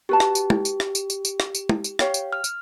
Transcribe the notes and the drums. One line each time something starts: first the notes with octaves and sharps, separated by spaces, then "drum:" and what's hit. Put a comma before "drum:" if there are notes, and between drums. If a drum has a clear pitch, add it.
F#4 G4 B4 A5
drum: rim click
drum: tambourine
drum: tom
drum: tambourine
drum: rim click
drum: tambourine
drum: tambourine
drum: tambourine
drum: rim click
drum: tambourine
drum: tom
drum: tambourine
G4 C#5 F5, drum: rim click
drum: tambourine
F6
drum: tambourine